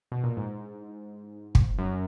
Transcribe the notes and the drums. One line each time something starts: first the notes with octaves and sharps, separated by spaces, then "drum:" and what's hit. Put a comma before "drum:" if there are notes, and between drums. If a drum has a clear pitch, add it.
B2
A#2
G#2
drum: kick
F#2